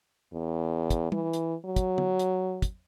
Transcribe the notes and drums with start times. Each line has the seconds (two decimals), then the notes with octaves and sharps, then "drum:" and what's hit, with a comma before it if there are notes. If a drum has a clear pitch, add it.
0.33 E2
0.90 drum: kick, hi-hat
1.12 E3, drum: tom
1.33 drum: hi-hat
1.65 F#3
1.76 drum: kick, hi-hat
1.98 drum: tom
2.19 drum: hi-hat
2.62 drum: kick, hi-hat